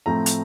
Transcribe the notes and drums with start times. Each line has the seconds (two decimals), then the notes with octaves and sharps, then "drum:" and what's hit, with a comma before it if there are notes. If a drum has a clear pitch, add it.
0.06 A2 F3 A3 C4 A#5
0.26 drum: hi-hat